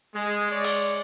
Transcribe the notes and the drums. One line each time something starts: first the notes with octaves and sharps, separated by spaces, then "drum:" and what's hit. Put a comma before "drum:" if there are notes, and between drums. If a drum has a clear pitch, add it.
G#3
G#3 C#5 D5
drum: hi-hat